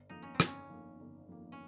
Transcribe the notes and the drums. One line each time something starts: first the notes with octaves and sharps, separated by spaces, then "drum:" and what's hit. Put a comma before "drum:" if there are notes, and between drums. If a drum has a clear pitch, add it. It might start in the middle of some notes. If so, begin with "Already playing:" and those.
Already playing: G1
F2 D#3 A#3 D#4
C#4
C4
G1, drum: rim click
C#4
F2 D#3 A#3
G1
F2 D#3 A#3
C#4